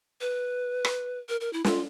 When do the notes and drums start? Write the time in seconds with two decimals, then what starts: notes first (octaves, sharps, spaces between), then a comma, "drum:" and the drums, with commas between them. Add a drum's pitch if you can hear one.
0.21 B4
0.85 drum: rim click
1.29 A#4
1.40 A#4
1.53 E4
1.64 F4, drum: snare